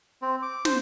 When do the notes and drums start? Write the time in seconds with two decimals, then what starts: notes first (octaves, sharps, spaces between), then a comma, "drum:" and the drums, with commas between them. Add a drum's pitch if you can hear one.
0.22 C4
0.42 D6
0.65 C5, drum: snare